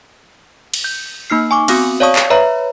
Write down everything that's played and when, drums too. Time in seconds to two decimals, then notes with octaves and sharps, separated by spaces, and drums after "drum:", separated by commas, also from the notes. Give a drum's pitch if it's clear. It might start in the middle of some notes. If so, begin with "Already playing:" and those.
0.74 drum: cymbal
0.84 G6
1.30 A#3 D#4 F6 C7
1.51 G#5 C#6 D6
1.68 B3 C4 F#4 D#6 C#7, drum: cymbal
2.00 C#5 D5 F5 A5 C#6 D#6
2.16 drum: clap
2.30 B4 C#5 E5 A#5 B5